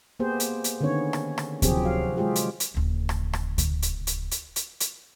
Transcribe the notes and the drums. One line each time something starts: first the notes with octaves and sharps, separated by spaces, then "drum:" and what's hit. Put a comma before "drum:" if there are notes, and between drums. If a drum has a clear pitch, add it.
A#3 B3 G4 G#4 C5
drum: hi-hat
drum: hi-hat
D3 D#3 B3 C#4 C#5
drum: rim click
drum: rim click
C3 F3 F#3 C4 G4 G#4, drum: kick D2, hi-hat
F#3 F#4 F5
G#3 F4 G4 G#4
drum: hi-hat
drum: hi-hat
D1 C#3
drum: rim click
drum: rim click
drum: kick D2, hi-hat
drum: hi-hat
drum: hi-hat
drum: hi-hat
drum: hi-hat
drum: hi-hat